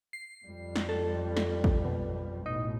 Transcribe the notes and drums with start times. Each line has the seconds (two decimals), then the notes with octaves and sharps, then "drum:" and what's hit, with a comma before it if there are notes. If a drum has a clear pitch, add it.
0.13 C7
0.45 F2 G3
0.76 drum: snare
0.89 A4
1.37 drum: snare
1.64 drum: kick
1.85 B2
2.46 A1 B2 D#4